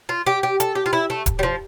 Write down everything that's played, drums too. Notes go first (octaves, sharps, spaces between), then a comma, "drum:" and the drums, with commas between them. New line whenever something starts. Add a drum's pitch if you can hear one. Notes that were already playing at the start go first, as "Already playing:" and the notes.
F4
G4
G4
A4, drum: hi-hat
G4
F4
E4
A3
drum: kick D1, hi-hat
G3
F3